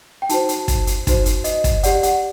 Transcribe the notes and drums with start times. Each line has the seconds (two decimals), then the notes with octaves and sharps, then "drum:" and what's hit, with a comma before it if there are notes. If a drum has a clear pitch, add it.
0.22 G5
0.29 D#4 F#4 C5 A5, drum: hi-hat
0.49 drum: hi-hat
0.68 drum: kick, hi-hat
0.87 drum: hi-hat
1.07 D#4 F#4 C5, drum: kick, hi-hat
1.26 drum: hi-hat
1.44 D#5, drum: hi-hat
1.64 drum: kick, hi-hat
1.83 G4 D5 F#5, drum: hi-hat
2.03 F#5, drum: hi-hat